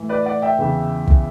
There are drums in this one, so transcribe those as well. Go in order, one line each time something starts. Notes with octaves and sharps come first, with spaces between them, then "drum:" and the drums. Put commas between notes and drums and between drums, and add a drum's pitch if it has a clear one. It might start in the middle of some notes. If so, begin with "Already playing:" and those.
Already playing: A2 E3
B4 D5
D5 F#5
E5 G5
E2 C#3 E3
drum: kick